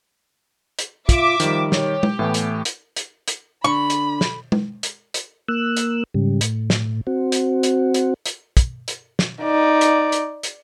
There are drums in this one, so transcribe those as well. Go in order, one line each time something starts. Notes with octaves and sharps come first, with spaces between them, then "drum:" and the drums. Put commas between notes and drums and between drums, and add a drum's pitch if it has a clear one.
drum: hi-hat
F4 E5 D6, drum: kick, hi-hat
D#3 F3 G3, drum: hi-hat
G4 C#5, drum: snare
drum: tom G#3
A2 E3 A3 B3
drum: hi-hat
drum: hi-hat
drum: hi-hat
drum: hi-hat
D3 B5 C#6
drum: hi-hat
drum: snare
drum: tom G#3
drum: hi-hat
drum: hi-hat
A#3 E6 F#6
drum: hi-hat
G#2 C#3 G3
A2, drum: hi-hat
drum: snare
C4 F#4
drum: hi-hat
drum: hi-hat
drum: hi-hat
drum: hi-hat
drum: kick, hi-hat
drum: hi-hat
drum: snare
D#4 D5
drum: hi-hat
drum: hi-hat
drum: hi-hat